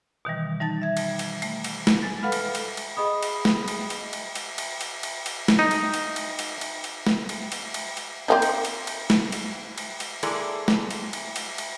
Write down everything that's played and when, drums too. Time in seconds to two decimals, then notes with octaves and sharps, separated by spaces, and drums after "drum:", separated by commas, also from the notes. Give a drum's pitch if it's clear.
0.25 B2 D#3 E3 G3
0.60 E3 G3 D#4 A5 A6
0.82 E5 G#6
0.97 drum: cymbal
1.19 drum: cymbal
1.42 A3, drum: cymbal
1.64 drum: cymbal
1.87 drum: snare
2.02 G#3 A6
2.22 A4 B4 F5 F#5 B5 F6
2.32 drum: cymbal
2.55 drum: cymbal
2.77 drum: cymbal
2.97 G#4 D#5 B5 D#6
3.23 drum: cymbal
3.45 drum: snare
3.68 drum: cymbal
3.90 drum: cymbal
4.13 drum: cymbal
4.35 drum: cymbal
4.58 drum: cymbal
4.81 drum: cymbal
5.03 drum: cymbal
5.26 drum: cymbal
5.48 drum: snare
5.59 D#4
5.71 drum: cymbal
5.94 drum: cymbal
6.16 drum: cymbal
6.39 drum: cymbal
6.61 drum: cymbal
6.84 drum: cymbal
7.07 drum: snare
7.29 drum: cymbal
7.52 drum: cymbal
7.74 drum: cymbal
7.97 drum: cymbal
8.28 A#3 C4 D#4
8.42 drum: cymbal
8.65 drum: cymbal
8.87 drum: cymbal
9.10 drum: snare
9.32 drum: cymbal
9.78 drum: cymbal
10.00 drum: cymbal
10.23 G#3 A#3 E4 G#4 A4 D5, drum: cymbal
10.68 drum: snare
10.91 drum: cymbal
11.13 drum: cymbal
11.36 drum: cymbal
11.58 drum: cymbal